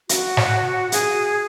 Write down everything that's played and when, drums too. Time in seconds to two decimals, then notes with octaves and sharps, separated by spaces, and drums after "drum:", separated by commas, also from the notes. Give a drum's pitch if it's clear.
0.09 F#4, drum: hi-hat
0.37 drum: snare
0.92 G#4, drum: hi-hat